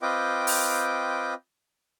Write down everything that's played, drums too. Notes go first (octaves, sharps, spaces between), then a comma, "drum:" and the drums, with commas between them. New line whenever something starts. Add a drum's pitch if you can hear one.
C4 F4 B4 D#5 G5 D6
drum: open hi-hat